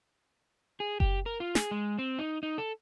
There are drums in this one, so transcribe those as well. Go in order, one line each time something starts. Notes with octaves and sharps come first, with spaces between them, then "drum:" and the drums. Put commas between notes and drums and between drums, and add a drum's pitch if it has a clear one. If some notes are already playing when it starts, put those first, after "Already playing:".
G#4
G4, drum: kick F#1
A#4
F4
G#4, drum: snare
G#3
C4
D#4
D#4
A4